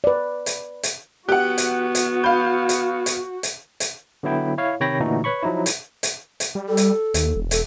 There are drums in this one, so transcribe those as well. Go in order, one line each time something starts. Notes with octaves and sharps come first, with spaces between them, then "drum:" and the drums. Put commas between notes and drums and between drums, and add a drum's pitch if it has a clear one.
B4 D5
drum: hi-hat
drum: hi-hat
B3 F#4 G4 F#5 F#6
drum: hi-hat
drum: hi-hat
F5 B5 G6
drum: hi-hat
drum: hi-hat
drum: hi-hat
drum: hi-hat
D3 F#3 B3 E4 G5
E4 C#5 F5
C3 D#3 C#5 G5 B5 A#6
A#2 D3 E3 A3 D#4 F#4
B4 C#5 B5 C#6
F3 F#3 D#4 E4
drum: hi-hat
drum: hi-hat
drum: hi-hat
G3
A4
drum: hi-hat
D#2, drum: hi-hat
E1
A4, drum: hi-hat